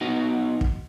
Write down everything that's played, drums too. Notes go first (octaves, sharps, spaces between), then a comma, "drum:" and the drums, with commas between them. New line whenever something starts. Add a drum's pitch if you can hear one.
B3 D#4 F#4
drum: kick